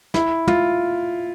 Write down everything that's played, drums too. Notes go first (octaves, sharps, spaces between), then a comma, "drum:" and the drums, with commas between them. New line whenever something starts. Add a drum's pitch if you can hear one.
E4, drum: snare
F4, drum: tom